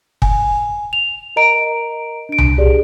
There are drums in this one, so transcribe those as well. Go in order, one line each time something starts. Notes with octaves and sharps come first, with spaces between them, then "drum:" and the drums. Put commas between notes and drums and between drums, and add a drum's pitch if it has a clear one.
G#5, drum: kick
F7
A#4 D#5 A#5 D7
D4 D7
drum: tom C2
G4 G#4 D5